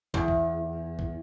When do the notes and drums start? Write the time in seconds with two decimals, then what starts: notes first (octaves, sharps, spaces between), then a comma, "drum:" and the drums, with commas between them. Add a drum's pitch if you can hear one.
0.14 E2, drum: kick
0.28 drum: kick
0.99 drum: kick